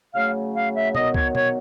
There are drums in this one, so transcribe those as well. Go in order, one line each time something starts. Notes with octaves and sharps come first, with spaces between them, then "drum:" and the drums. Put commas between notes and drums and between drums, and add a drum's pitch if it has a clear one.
C#3 F#3 A3 F5
F5
E5
D#3 F#3 B3 D#5, drum: tom B2
C#5, drum: kick C#2
C#5, drum: tom B2